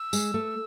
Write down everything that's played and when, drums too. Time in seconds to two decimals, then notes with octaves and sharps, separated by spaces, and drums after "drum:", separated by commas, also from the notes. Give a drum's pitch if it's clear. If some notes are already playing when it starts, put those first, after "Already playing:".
Already playing: E6
0.13 G#3, drum: tambourine
0.34 A3